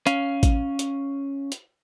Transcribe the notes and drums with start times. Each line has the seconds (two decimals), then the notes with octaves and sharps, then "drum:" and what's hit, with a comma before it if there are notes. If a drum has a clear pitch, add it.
0.07 C#4 F5, drum: hi-hat
0.43 drum: kick A1, hi-hat
0.79 drum: hi-hat
1.52 drum: hi-hat